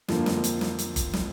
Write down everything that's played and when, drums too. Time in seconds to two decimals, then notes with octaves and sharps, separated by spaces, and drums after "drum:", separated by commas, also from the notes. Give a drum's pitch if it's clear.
0.08 F2 D3 F3 A#3, drum: snare
0.26 drum: snare
0.44 drum: hi-hat
0.61 drum: snare
0.79 drum: hi-hat
0.96 drum: kick G1, hi-hat
1.13 drum: snare